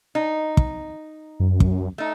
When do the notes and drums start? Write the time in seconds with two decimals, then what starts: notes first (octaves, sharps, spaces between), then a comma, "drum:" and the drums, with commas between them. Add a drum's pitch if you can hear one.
0.15 D#4
0.57 drum: kick
1.40 F#2
1.60 drum: kick
1.98 A3 D#4